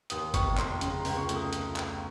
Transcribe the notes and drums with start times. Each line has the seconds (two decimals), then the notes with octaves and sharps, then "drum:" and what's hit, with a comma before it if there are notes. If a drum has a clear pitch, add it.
0.10 D#2 D#6, drum: hi-hat
0.34 F1 C#6, drum: kick G1, hi-hat
0.58 F1 C6, drum: clap
0.81 C#3 A#5, drum: hi-hat
1.00 C6
1.05 C#2, drum: open hi-hat
1.17 C#6
1.29 A3, drum: hi-hat
1.35 D#6
1.53 drum: hi-hat
1.76 drum: clap